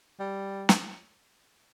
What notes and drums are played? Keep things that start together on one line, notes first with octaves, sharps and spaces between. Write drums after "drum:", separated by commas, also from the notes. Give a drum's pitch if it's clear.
G3
drum: snare